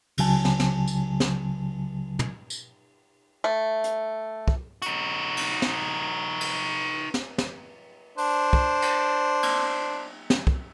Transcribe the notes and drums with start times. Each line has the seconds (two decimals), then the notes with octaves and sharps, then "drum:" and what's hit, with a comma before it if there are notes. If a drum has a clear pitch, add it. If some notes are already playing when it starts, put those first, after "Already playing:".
0.18 C#2 C#3 F#3 G#5 A5, drum: cymbal
0.45 drum: snare
0.60 drum: snare
0.88 drum: tambourine
1.20 drum: snare
2.19 drum: tom
2.50 drum: tambourine
3.44 A3
3.84 drum: hi-hat
4.48 drum: kick
4.82 D#4 F#4, drum: hi-hat
5.37 drum: cymbal
5.62 drum: snare
6.41 drum: cymbal
7.14 drum: snare
7.38 drum: snare
8.18 D4 C5, drum: open hi-hat
8.53 drum: kick
8.82 drum: cymbal
9.43 drum: cymbal
10.30 drum: snare
10.47 drum: kick